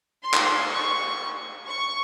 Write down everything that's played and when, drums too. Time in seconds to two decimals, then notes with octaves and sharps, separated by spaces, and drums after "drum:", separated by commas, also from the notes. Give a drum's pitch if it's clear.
0.23 C6
0.34 drum: clap
0.72 C#6
1.67 C#6